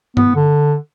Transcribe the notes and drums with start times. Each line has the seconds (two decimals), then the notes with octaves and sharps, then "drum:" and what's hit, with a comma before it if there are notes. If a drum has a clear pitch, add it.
0.17 B3, drum: tom G2
0.36 D3